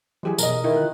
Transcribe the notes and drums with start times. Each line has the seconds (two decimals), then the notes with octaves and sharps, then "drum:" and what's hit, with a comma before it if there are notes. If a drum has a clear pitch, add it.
0.23 E3 F#3 G4 G#4
0.38 B2 A#4 D#5, drum: tambourine
0.64 D#3 E4
0.77 D3 F4 F#6